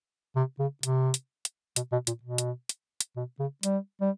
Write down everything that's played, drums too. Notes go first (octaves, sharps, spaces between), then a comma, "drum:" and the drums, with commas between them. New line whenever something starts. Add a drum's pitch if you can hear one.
C3
C#3
C3, drum: hi-hat
drum: hi-hat
drum: hi-hat
B2, drum: hi-hat
B2
A#2, drum: hi-hat
B2
drum: hi-hat
drum: hi-hat
drum: hi-hat
B2
C#3
G3, drum: hi-hat
G3